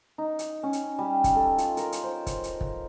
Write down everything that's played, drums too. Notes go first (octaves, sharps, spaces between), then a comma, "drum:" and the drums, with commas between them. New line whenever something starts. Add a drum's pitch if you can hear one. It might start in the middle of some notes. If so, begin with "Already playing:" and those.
D#4
drum: hi-hat
C#4
drum: hi-hat
G3
drum: kick, hi-hat
A4
F4, drum: hi-hat
A#4, drum: hi-hat
drum: hi-hat
C5
drum: kick, hi-hat
drum: hi-hat
drum: kick